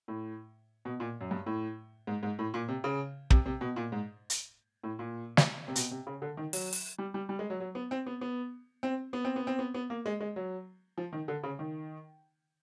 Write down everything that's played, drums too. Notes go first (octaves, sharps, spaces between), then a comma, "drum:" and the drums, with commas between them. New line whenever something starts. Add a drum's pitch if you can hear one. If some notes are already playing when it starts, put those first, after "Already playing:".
A2
B2
A#2
F#2
G2
A2
G#2
G#2
A2
A#2
C3
C#3
C3, drum: kick
C3
B2
A#2
G#2
drum: hi-hat
A2
A#2
drum: snare
C3
B2, drum: hi-hat
C3
C#3
D3
D#3
F#3, drum: open hi-hat
drum: open hi-hat
G3
G3
G3
G#3
F#3
F#3
B3
C4
B3
B3
C4
B3
C4
B3
C4
B3
B3
A#3
G#3
G#3
F#3
F3
D#3
D3
C#3
D#3